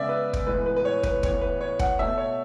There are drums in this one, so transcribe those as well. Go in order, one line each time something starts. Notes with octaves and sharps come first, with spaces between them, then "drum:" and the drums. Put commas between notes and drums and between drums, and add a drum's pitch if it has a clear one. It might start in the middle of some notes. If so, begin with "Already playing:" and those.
Already playing: C#3 G#3 B3 D5 E5
B4
drum: kick
A2 E3 G#3 B3 B4
B4
B4
C#5
B4, drum: kick
A2 E3 B3 C#5, drum: kick
B4
C#5
F#5, drum: kick
B2 A3 E5
C#5